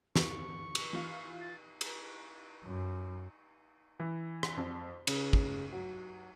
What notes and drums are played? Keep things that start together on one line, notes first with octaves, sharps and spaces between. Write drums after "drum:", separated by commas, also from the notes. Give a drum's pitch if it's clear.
C#6, drum: snare
drum: cymbal
E3 F4 F5
A6
drum: cymbal
F#2
E3
drum: rim click
F2
C#3, drum: cymbal
drum: kick
F#3